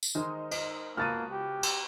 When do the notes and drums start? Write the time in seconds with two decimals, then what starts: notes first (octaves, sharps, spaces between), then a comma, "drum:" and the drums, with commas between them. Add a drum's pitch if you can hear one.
0.03 drum: tambourine
0.15 D#3 G#3 D#4 A#4 C5
0.51 D#5, drum: cymbal
0.97 C#2 A#3 B3 F#4 A5 F6 A6 D#7
1.32 G4
1.63 drum: cymbal